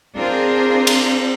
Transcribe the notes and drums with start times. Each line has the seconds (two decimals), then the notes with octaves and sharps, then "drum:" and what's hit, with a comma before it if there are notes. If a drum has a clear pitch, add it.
0.17 C4 D4 F4 G#4 A#4 C5
0.87 drum: cymbal